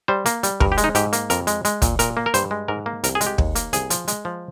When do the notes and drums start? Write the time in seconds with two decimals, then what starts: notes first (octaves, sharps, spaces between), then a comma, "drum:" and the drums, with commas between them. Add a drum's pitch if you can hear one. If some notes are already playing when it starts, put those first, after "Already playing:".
0.08 G3 C5
0.26 A#3, drum: hi-hat
0.43 G3, drum: hi-hat
0.60 G2 A#4, drum: kick
0.72 G4
0.78 G#3, drum: hi-hat
0.84 D#4
0.95 G#2 G4, drum: hi-hat
1.13 A#3, drum: hi-hat
1.30 F2 A#4, drum: hi-hat
1.47 G#3, drum: hi-hat
1.65 G#3, drum: hi-hat
1.82 A#2, drum: kick, hi-hat
1.99 A#2 A#4, drum: hi-hat
2.17 A#3
2.26 A#4
2.34 G2 C5, drum: hi-hat
2.51 G#3
2.68 G#2 A#4
2.86 A#3
3.04 C2 A#4, drum: hi-hat
3.15 G#4
3.21 G#3, drum: hi-hat
3.27 G4
3.38 D#2, drum: kick
3.55 A#3, drum: hi-hat
3.73 C2 G#4, drum: hi-hat
3.90 F3, drum: hi-hat
4.08 G#3, drum: hi-hat
4.25 F3